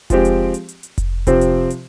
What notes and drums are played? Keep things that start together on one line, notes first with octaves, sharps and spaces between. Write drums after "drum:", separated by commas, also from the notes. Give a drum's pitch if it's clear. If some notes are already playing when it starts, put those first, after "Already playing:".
F3 G#3 C4 G4, drum: kick F1, hi-hat
drum: hi-hat
drum: hi-hat
drum: hi-hat
drum: hi-hat
drum: kick F1, hi-hat
C3 F3 C4 G4 C5, drum: kick F1, hi-hat
drum: hi-hat
drum: hi-hat